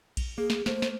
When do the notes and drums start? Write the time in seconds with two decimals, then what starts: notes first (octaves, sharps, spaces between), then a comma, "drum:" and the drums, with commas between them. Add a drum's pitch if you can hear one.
0.17 drum: kick A#1, cymbal
0.38 A#3 G#4
0.50 drum: snare
0.66 A3 A#3 C5, drum: snare
0.82 drum: snare